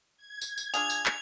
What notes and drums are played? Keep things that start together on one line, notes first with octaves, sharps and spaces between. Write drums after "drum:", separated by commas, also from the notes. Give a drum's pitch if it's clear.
G#6
drum: tambourine
drum: tambourine
D4 F4 G#4 F7, drum: tambourine
drum: tambourine
drum: clap